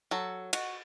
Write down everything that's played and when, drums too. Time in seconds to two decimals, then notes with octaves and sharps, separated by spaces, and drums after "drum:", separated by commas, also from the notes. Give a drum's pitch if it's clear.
0.11 F#3 A4
0.53 F#4, drum: cymbal